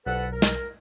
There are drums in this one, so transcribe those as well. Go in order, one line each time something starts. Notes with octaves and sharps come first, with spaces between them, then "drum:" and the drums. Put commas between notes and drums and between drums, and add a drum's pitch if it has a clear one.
B1 A4 B4 F#5
A#4
drum: snare